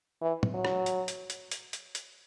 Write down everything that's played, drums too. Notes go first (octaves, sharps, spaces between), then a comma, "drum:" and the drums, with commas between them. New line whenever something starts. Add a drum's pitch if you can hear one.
E3
drum: tom
F#3
drum: rim click
drum: hi-hat
drum: hi-hat
drum: hi-hat
drum: hi-hat
drum: hi-hat
drum: hi-hat